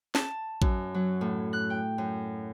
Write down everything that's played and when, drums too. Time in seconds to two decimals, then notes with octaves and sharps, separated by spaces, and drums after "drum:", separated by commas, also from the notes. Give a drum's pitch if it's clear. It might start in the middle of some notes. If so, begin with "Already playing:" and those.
0.15 A5, drum: snare
0.62 F#2, drum: kick A1
0.94 F#3
1.21 A2
1.53 F#6
1.70 G5
1.98 F#2